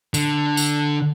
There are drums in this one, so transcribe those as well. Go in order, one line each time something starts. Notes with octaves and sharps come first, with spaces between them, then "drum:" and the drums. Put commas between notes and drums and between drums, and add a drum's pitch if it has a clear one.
D3, drum: tambourine
drum: tambourine